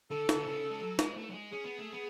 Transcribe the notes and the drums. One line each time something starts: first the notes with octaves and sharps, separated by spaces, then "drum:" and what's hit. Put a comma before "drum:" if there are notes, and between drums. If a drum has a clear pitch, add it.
D3 A4
drum: snare
D3
C#3
G#3
F#3
G#3, drum: snare
A3
F#3
G#3
C#4 G#4
B3
A3
B3